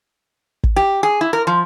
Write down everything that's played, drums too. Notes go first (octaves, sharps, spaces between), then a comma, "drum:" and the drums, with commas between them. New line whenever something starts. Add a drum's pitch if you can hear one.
drum: kick
G4
G#4
E4
A#4
F3